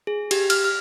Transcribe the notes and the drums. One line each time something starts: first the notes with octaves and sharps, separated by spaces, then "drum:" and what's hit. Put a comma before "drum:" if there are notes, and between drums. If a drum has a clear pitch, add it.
G#4
G4, drum: cymbal
F6, drum: cymbal
F6